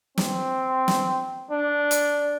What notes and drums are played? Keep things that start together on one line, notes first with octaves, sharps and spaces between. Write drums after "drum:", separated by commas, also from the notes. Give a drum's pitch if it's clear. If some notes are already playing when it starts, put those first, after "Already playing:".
C4, drum: snare
drum: snare
D4
drum: hi-hat